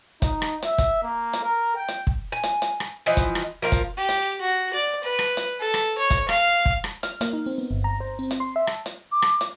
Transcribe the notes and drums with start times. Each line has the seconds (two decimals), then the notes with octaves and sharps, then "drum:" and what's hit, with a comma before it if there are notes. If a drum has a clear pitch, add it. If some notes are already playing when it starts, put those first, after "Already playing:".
0.22 D#4, drum: kick, hi-hat
0.42 drum: rim click
0.62 E5, drum: hi-hat
0.78 drum: kick, hi-hat
1.03 A#3
1.33 drum: hi-hat
1.44 A#4
1.76 G5
1.88 drum: hi-hat
2.07 drum: kick
2.32 G#5
2.43 drum: hi-hat
2.62 drum: hi-hat
2.80 drum: rim click
3.06 E3 F3 C4 D#5
3.17 drum: kick, hi-hat
3.35 drum: rim click
3.62 F3 A#4 F5
3.72 drum: kick, hi-hat
3.97 G4
4.09 drum: hi-hat
4.41 F#4
4.74 D5
5.04 B4
5.19 drum: rim click
5.37 drum: hi-hat
5.60 A4
5.74 drum: rim click
5.98 C#5
6.10 drum: kick, hi-hat
6.29 F5, drum: rim click
6.65 drum: kick
6.84 drum: rim click
7.03 F6, drum: hi-hat
7.21 A#3, drum: hi-hat
7.33 D#4
7.46 C4
7.58 B3
7.71 G1
7.84 A#5
8.00 C5
8.19 C4
8.31 drum: hi-hat
8.40 C6
8.56 E5
8.67 A5, drum: rim click
8.86 drum: hi-hat
9.12 D6
9.22 drum: rim click
9.41 drum: hi-hat